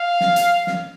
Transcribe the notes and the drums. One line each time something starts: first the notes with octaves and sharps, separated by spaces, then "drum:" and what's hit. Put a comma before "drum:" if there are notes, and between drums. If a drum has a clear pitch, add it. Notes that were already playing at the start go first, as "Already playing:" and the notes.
Already playing: F5
drum: snare
drum: hi-hat
drum: snare